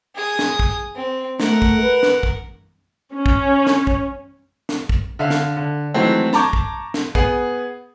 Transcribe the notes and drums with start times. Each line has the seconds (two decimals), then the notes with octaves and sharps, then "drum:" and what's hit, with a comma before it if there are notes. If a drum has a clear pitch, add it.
0.15 G#4 D#6
0.39 drum: snare
0.59 drum: kick
0.96 C4
1.40 A3 A#4 F#5, drum: snare
1.62 drum: kick
1.82 B4
2.03 drum: snare
2.23 drum: kick
3.14 C#4
3.26 drum: kick
3.67 drum: snare
3.87 drum: kick
4.69 drum: snare
4.89 drum: kick
5.19 D3 E5 F5
5.30 drum: snare
5.57 D3
5.94 D#3 E3 F#3 G#3 A3 C4
6.33 A5 A#5 C#6 D6 G6 G#6, drum: snare
6.53 drum: kick
6.94 drum: snare
7.15 B3 G#4, drum: kick